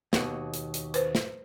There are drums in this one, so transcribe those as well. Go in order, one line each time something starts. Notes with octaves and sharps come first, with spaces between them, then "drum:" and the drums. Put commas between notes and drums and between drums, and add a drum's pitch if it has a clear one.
D#2 B2 F#5, drum: snare
drum: hi-hat
drum: hi-hat
B4 C5, drum: hi-hat
drum: snare